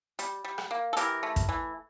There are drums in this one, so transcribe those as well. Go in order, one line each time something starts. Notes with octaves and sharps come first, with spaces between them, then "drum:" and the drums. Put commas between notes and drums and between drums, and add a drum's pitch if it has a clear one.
G3, drum: hi-hat
G3
drum: rim click
A#3
A4
E3 G4 A#4, drum: hi-hat
A3
drum: kick, hi-hat
E3